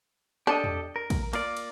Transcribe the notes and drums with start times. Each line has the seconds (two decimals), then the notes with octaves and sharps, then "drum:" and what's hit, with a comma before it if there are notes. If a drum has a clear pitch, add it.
0.47 D4 G4 A4 D#5
0.64 drum: tom E2
0.96 A#4
1.10 drum: kick, cymbal
1.33 A#3 F4 D5, drum: cymbal
1.57 drum: cymbal